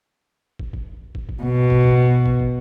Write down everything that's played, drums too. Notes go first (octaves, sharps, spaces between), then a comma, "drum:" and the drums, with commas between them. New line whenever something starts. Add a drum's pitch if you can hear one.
drum: kick
drum: kick
drum: kick
drum: kick
B2
drum: kick
drum: kick
drum: kick
drum: kick